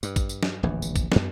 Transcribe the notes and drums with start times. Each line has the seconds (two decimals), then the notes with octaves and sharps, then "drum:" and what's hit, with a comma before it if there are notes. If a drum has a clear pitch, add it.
0.03 G2, drum: tambourine
0.16 drum: kick, tambourine
0.29 drum: tambourine
0.43 drum: snare
0.63 D1 A#1 E2 E3
0.82 drum: tambourine
0.96 drum: kick, tambourine
1.12 F#2 B3, drum: snare